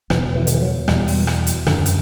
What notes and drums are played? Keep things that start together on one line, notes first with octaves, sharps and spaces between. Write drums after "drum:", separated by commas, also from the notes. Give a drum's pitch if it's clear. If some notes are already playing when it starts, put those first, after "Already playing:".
E2 B2 E3, drum: rim click
E3
D3, drum: hi-hat
E3
F#3
E2 B2 G3, drum: rim click
drum: open hi-hat
drum: rim click
drum: hi-hat
F#2 D3, drum: rim click
drum: hi-hat